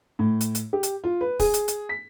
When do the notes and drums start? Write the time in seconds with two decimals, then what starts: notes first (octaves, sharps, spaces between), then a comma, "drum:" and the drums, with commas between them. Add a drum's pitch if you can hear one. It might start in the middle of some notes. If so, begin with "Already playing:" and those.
0.19 A2
0.41 drum: hi-hat
0.55 drum: hi-hat
0.73 G4
0.83 drum: hi-hat
1.04 F4
1.21 B4
1.39 G#4, drum: kick, open hi-hat
1.54 drum: hi-hat
1.68 drum: hi-hat
1.89 B6